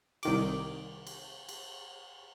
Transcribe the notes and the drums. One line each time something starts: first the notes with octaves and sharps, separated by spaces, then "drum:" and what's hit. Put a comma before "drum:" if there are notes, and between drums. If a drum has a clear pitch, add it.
C2 D#3 D6, drum: cymbal
drum: cymbal
drum: cymbal